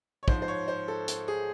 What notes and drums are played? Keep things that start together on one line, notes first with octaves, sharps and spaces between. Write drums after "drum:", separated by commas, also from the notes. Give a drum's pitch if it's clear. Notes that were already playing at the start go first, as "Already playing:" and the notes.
C#5
G#2 F3 C5, drum: kick
C5
C#5
C5
A4
drum: hi-hat
G#4